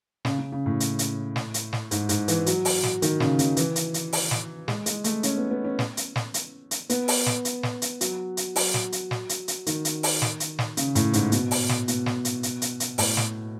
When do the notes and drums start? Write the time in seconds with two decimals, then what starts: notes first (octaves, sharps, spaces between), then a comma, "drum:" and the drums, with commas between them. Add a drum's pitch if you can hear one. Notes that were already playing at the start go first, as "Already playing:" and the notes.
0.25 C#3, drum: snare
0.39 C#3
0.52 C#3
0.66 A2
0.80 drum: hi-hat
0.99 drum: hi-hat
1.36 drum: snare
1.54 drum: hi-hat
1.73 drum: snare
1.91 G#2, drum: hi-hat
2.09 G#2, drum: hi-hat
2.28 E3, drum: hi-hat
2.46 F#3, drum: hi-hat
2.65 drum: open hi-hat
2.83 drum: snare
3.02 D#3, drum: hi-hat
3.20 C#3, drum: snare
3.39 C#3, drum: hi-hat
3.57 E3, drum: hi-hat
3.76 drum: hi-hat
3.94 drum: hi-hat
4.13 drum: open hi-hat
4.31 drum: snare
4.68 G#3, drum: snare
4.86 G#3, drum: hi-hat
5.04 A3, drum: hi-hat
5.23 C#4, drum: hi-hat
5.37 B3
5.51 B3
5.64 C#4
5.79 drum: snare
5.97 drum: hi-hat
6.16 drum: snare
6.34 drum: hi-hat
6.71 drum: hi-hat
6.89 B3, drum: hi-hat
7.08 drum: open hi-hat
7.26 drum: snare
7.45 drum: hi-hat
7.63 drum: snare
7.82 drum: hi-hat
8.01 F#3, drum: hi-hat
8.37 drum: hi-hat
8.56 F#3, drum: open hi-hat
8.74 drum: snare
8.92 drum: hi-hat
9.11 drum: snare
9.29 drum: hi-hat
9.48 drum: hi-hat
9.66 D#3, drum: hi-hat
9.85 drum: hi-hat
10.03 drum: open hi-hat
10.22 drum: snare
10.40 drum: hi-hat
10.59 drum: snare
10.77 C#3, drum: hi-hat
10.95 A2, drum: hi-hat
11.13 G#2, drum: hi-hat
11.32 B2, drum: hi-hat
11.51 drum: open hi-hat
11.69 drum: snare
11.88 B2, drum: hi-hat
12.06 drum: snare
12.25 drum: hi-hat
12.43 drum: hi-hat
12.62 drum: hi-hat
12.80 drum: hi-hat
12.98 A2, drum: open hi-hat
13.17 drum: snare